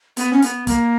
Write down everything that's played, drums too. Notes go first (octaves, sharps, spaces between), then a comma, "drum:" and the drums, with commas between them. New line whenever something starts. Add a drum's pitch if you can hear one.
B3, drum: hi-hat
C#4
B3, drum: hi-hat
A#3, drum: kick, hi-hat